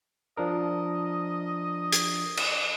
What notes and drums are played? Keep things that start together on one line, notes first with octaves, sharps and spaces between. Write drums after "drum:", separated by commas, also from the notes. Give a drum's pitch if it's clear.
F3 D4 A#4 D#5
drum: hi-hat
drum: cymbal